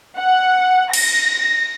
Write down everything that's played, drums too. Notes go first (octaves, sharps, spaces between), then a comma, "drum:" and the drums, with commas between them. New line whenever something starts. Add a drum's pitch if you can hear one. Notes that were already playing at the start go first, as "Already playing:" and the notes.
F#5
A#6, drum: cymbal